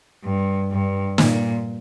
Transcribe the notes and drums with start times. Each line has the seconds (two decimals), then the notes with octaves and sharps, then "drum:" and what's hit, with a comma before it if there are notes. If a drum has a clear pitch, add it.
0.24 G2
0.70 G2
1.18 A#2, drum: snare